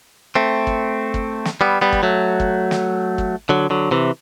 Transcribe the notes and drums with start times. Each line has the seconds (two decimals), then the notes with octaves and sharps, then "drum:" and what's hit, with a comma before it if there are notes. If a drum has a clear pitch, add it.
0.35 A3 C4
0.67 drum: kick
1.14 drum: kick
1.45 drum: snare
1.61 G3 B3
1.81 G3 B3
1.93 drum: kick
2.03 F#3 A3
2.40 drum: kick
2.71 drum: snare
3.18 drum: kick
3.49 D3 F#3
3.70 D3 F#3
3.91 C3 E3